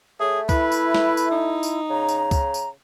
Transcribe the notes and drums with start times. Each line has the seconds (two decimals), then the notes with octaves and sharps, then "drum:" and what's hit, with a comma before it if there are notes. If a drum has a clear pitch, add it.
0.20 A3 G#4 C#5
0.49 E4 B4, drum: kick C#2, tambourine
0.72 drum: tambourine
0.95 drum: snare
1.17 drum: tambourine
1.31 D#4
1.63 drum: tambourine
1.90 C#3 A#5
2.09 drum: tambourine
2.31 drum: kick C#2, tambourine
2.54 drum: tambourine